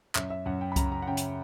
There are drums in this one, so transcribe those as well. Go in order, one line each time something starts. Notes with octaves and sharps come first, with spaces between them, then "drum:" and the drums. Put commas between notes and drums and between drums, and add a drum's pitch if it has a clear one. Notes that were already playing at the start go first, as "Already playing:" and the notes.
F#2 E5, drum: clap
E5
F#2 F#5
G5
B5
C#3 A#5, drum: kick C2, hi-hat
A#5
F#5
C#3 G5
drum: hi-hat